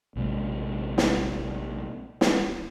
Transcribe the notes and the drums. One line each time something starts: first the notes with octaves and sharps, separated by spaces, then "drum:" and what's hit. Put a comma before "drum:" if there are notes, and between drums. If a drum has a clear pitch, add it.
A#1 C3 G#3
drum: snare
drum: snare